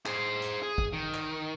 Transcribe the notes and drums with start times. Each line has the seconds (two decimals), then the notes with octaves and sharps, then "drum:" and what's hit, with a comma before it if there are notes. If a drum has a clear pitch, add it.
0.06 G#4 C5, drum: clap
0.42 drum: hi-hat
0.63 G#4
0.78 drum: kick
0.93 D#3
1.14 drum: clap